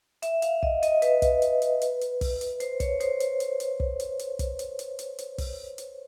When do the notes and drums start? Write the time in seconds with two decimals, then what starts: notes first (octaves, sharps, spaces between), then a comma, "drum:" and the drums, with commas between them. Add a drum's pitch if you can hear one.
0.22 E5, drum: hi-hat
0.42 F5, drum: hi-hat
0.63 D#5, drum: kick
0.83 D#5, drum: hi-hat
1.02 B4, drum: hi-hat
1.22 drum: kick, hi-hat
1.42 drum: hi-hat
1.62 drum: hi-hat
1.81 drum: hi-hat
2.01 drum: hi-hat
2.21 drum: kick, open hi-hat
2.41 drum: hi-hat
2.60 C5, drum: hi-hat
2.80 C#5, drum: kick, hi-hat
3.00 C5, drum: hi-hat
3.20 drum: hi-hat
3.40 drum: hi-hat
3.60 drum: hi-hat
3.80 drum: kick
4.00 drum: hi-hat
4.19 drum: hi-hat
4.39 drum: kick, hi-hat
4.59 drum: hi-hat
4.79 drum: hi-hat
4.99 drum: hi-hat
5.18 drum: hi-hat
5.38 drum: kick, open hi-hat
5.78 drum: hi-hat